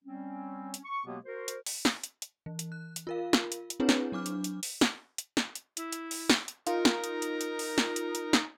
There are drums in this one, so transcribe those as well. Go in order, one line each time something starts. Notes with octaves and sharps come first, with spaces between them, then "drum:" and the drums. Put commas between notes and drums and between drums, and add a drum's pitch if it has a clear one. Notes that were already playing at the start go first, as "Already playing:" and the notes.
G3 C4 C#4
drum: hi-hat
C#6
B2 F#3 G#3 A#3 B3 G4
F#4 A#4 C5
drum: hi-hat
drum: open hi-hat
drum: snare
drum: hi-hat
drum: hi-hat
E3
drum: hi-hat
F#6
drum: hi-hat
F4 A#4 F5
drum: snare
drum: hi-hat
drum: hi-hat
C4 D4 E4 G#4 B4 C#5
drum: snare
F#3 D4 D6 F6
drum: hi-hat
drum: hi-hat
drum: open hi-hat
drum: snare
drum: hi-hat
drum: snare
drum: hi-hat
E4, drum: hi-hat
drum: hi-hat
drum: open hi-hat
drum: snare
drum: hi-hat
D#4 F4 A#4, drum: hi-hat
drum: snare
drum: hi-hat
drum: hi-hat
drum: hi-hat
drum: open hi-hat
drum: snare
drum: hi-hat
drum: hi-hat
drum: snare